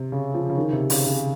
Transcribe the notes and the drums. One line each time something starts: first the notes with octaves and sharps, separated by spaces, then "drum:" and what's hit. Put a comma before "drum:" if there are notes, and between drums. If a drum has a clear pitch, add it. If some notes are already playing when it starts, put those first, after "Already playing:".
Already playing: C3
C#3
F3
C#3
D#3
C3
C#3, drum: open hi-hat
C#3